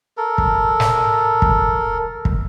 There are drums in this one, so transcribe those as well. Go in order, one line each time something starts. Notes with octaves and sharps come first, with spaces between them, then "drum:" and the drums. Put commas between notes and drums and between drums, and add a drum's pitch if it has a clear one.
A4 A#4
drum: kick
drum: snare
drum: kick
drum: kick